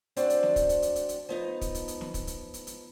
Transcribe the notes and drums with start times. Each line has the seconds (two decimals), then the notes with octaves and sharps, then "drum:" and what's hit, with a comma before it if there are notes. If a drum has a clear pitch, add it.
0.17 C4 D4 F#4 C5 D5, drum: hi-hat
0.30 drum: hi-hat
0.43 drum: snare
0.56 drum: kick, hi-hat
0.69 drum: hi-hat
0.82 drum: hi-hat
0.96 drum: hi-hat
1.09 drum: hi-hat
1.29 F3 B3 D#4
1.61 drum: kick, hi-hat
1.75 drum: hi-hat
1.88 drum: hi-hat
2.01 drum: snare
2.14 drum: kick, hi-hat
2.27 drum: hi-hat
2.54 drum: hi-hat
2.67 drum: hi-hat